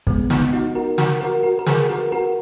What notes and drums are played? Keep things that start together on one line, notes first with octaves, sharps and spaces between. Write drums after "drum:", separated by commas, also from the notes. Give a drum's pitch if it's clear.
G#3 B3, drum: kick
B3 D#4, drum: snare
D#4 F#4
F#4 A#4
F#4 A#4, drum: snare
F#4 A#4
F#4 A#4
A#4
G#4 B4, drum: snare
F#4 A#4
F#4 A#4